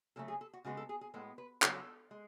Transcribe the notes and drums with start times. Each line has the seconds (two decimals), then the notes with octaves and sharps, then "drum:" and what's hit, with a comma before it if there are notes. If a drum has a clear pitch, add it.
0.16 C#3 F#3 A3 A4
0.28 G#4
0.41 A4
0.53 F#4
0.65 C#3 G#3 B3 F#4
0.77 A4
0.89 G#4
1.01 G#4
1.14 A2 G#3 B3 A4
1.38 B4
1.62 C#3 F#3 B3 A4, drum: clap
2.11 G#3